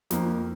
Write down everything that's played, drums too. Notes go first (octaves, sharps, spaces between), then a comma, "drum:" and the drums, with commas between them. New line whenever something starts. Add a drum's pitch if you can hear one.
F2 F3 A#3, drum: snare